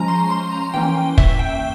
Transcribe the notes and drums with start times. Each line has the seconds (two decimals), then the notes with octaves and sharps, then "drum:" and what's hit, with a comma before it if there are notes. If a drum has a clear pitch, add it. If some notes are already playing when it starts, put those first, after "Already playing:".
Already playing: F3 G#3 C#4 A#5
0.08 C6
0.31 C6
0.52 A#5
0.74 E3 A#3 C#4 G5
1.18 E5, drum: kick
1.39 G5